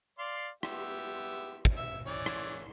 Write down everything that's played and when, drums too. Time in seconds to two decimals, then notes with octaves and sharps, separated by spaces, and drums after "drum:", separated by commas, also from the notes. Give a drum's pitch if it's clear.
0.19 D5 F5 C6
0.63 B3 G4 E5, drum: rim click
1.65 drum: kick
1.76 E5
2.06 E3 C#4 D5
2.26 drum: rim click